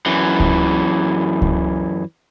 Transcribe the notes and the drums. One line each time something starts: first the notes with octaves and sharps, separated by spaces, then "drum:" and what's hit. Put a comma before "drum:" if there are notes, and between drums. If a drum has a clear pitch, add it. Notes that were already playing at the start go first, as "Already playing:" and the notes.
F#2 E3
drum: kick C#2
drum: kick C#2